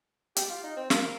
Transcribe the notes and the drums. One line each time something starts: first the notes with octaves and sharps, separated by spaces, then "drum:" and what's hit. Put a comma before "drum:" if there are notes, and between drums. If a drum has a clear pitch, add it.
G4, drum: hi-hat
F4
D#4
C4
A#3, drum: snare